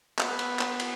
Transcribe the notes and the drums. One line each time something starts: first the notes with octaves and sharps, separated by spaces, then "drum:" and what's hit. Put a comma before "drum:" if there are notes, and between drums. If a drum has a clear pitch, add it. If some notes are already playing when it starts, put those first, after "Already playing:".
B3, drum: clap
drum: cymbal
drum: clap
drum: cymbal